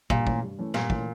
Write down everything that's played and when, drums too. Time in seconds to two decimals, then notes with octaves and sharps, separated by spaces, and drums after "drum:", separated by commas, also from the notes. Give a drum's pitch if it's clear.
0.10 G2 A#2, drum: kick
0.27 E3 A3 C#4, drum: kick
0.42 G2
0.59 E3 A3 C#4
0.74 G2 A#2, drum: snare
0.90 E3 A3 C#4, drum: kick